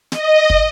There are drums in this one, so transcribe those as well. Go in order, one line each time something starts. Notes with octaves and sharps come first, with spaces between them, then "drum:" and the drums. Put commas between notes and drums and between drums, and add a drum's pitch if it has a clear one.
D#5, drum: snare
drum: kick